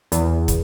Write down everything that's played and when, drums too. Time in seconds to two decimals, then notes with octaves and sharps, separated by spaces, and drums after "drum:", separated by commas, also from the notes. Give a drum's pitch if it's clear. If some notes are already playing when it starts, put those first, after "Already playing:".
0.12 E2, drum: hi-hat
0.48 drum: kick, hi-hat